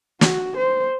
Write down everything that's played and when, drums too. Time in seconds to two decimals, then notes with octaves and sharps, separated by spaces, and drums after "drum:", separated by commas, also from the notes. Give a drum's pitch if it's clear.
0.21 F#4, drum: snare
0.57 C5